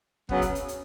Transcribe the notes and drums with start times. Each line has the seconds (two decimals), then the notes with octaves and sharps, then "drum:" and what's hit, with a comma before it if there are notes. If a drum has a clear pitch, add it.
0.29 C#3 F#3 B3, drum: kick
0.42 drum: kick, hi-hat
0.55 drum: hi-hat
0.68 drum: hi-hat